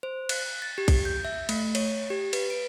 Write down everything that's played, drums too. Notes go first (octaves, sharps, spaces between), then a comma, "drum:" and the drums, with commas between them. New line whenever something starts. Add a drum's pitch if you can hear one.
C5
F#6, drum: cymbal
A6
G4
drum: kick A#1, cymbal
G6
E5
A3, drum: cymbal
C#5, drum: cymbal
G4
B4, drum: cymbal
D7